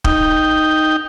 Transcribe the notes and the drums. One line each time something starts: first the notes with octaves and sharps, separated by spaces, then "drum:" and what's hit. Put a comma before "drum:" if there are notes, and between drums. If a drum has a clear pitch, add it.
D#4 G5, drum: kick